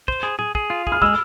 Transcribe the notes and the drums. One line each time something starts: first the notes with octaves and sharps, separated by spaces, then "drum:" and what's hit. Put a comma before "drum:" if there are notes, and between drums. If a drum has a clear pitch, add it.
C5, drum: kick
G#4
G#4, drum: tom
G#4, drum: kick
F4
G#4, drum: kick
F6
G#3 E6, drum: kick